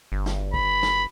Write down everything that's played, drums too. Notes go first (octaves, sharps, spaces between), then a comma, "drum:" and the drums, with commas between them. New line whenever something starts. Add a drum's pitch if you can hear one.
G1
drum: snare
B5, drum: kick
drum: snare